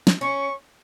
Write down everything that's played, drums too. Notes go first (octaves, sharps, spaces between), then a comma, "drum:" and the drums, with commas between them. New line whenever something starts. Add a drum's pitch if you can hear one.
drum: snare
C#4 C#6